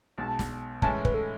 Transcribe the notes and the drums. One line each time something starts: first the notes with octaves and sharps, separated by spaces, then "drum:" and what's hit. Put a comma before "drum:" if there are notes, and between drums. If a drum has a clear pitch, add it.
B1 B2 G#3 A5
drum: snare
A2 E3 G#3 C#4 A5, drum: kick
B4, drum: kick
A4